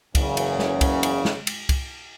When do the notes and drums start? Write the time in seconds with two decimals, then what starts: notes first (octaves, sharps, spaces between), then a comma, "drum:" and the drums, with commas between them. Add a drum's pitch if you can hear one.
0.15 F#1 E2 C#3, drum: kick, cymbal
0.37 drum: cymbal
0.59 drum: snare
0.81 drum: kick, cymbal
1.03 drum: cymbal
1.25 drum: snare
1.47 drum: cymbal
1.69 drum: kick, cymbal